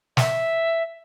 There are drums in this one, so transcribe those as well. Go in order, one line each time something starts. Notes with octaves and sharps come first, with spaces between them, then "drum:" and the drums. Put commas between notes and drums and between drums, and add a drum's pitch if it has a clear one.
E5, drum: snare